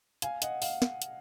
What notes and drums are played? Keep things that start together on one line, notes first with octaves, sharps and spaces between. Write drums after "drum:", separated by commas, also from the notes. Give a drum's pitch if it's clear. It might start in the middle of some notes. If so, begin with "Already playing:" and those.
F5 G#5, drum: hi-hat
D#5 F#5, drum: hi-hat
F5, drum: open hi-hat
drum: snare
drum: hi-hat